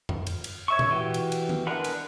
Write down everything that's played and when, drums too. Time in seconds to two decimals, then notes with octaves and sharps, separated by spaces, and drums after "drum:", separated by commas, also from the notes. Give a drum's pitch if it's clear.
0.09 drum: tom F2
0.27 drum: cymbal
0.44 drum: cymbal
0.68 C#5 E5 C#6
0.79 drum: tom A#2
0.91 E3 F#4 G4
1.14 drum: cymbal
1.32 drum: cymbal
1.49 drum: tom
1.67 G#3 D4 A#4 B4 F#5
1.84 drum: cymbal